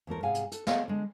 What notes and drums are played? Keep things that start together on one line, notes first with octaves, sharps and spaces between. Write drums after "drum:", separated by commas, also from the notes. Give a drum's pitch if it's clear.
E2 E3 A3 A#4
G#2 C3 G#4 F5 F#5 G#5
drum: hi-hat
A4, drum: hi-hat
A3 B3 G#4 C5 D#5 F5, drum: snare
D3 G#3